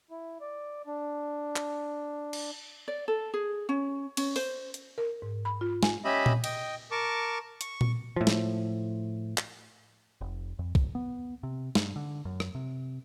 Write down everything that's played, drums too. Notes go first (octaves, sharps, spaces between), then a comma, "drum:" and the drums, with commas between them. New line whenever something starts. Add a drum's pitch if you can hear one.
E4
D5
D4
drum: clap
drum: cymbal
D5
A4
G#4
C#4
C#4, drum: cymbal
C5, drum: open hi-hat
drum: hi-hat
A#4
G#2
B5
F4
G#5, drum: snare
C#4 G4 D#5 E5 B5
drum: tom A#2
D#5 G5, drum: cymbal
A#4 A5 C#6 D6
C#6, drum: hi-hat
drum: tom A#2
A2 F3
drum: snare
drum: clap
F1
F2
E1, drum: kick
B3
C3
G2, drum: snare
D3
F#2
drum: rim click
C3